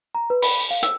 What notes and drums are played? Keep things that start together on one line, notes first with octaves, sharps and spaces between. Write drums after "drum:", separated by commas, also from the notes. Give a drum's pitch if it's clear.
A#5
B4
B5, drum: open hi-hat
F5
E6, drum: hi-hat